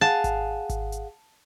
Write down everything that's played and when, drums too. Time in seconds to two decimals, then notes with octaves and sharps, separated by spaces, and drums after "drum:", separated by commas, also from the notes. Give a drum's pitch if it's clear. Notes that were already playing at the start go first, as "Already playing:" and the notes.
0.01 G#4 F5 F#5 A5
0.24 drum: kick G#1, hi-hat
0.70 drum: kick G#1, hi-hat
0.92 drum: hi-hat